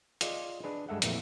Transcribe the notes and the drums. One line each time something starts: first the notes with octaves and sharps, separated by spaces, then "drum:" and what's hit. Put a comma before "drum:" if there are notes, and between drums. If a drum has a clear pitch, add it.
F4 G#4 D5 D#5, drum: hi-hat
D4 G#4 B4
G2 G#3 A4 E5 F#5
F2 A#2 E3 A3, drum: hi-hat